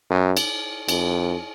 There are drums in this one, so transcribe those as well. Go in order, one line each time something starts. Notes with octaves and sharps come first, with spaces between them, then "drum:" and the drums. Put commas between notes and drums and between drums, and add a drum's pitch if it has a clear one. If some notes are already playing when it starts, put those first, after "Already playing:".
F#2
drum: cymbal
F2, drum: cymbal